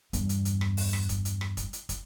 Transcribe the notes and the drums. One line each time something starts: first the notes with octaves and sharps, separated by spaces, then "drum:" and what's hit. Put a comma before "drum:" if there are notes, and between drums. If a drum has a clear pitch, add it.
E2 G2, drum: hi-hat
drum: hi-hat
drum: hi-hat
drum: rim click
drum: open hi-hat
drum: rim click
drum: kick, hi-hat
drum: hi-hat
drum: rim click
drum: kick, hi-hat
drum: hi-hat
drum: kick, hi-hat